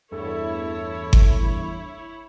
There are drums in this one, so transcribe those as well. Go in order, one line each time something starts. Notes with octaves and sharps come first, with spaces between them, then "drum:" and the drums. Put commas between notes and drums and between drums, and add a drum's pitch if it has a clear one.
E2 G2 A3 E4 A4 C#5
drum: kick G1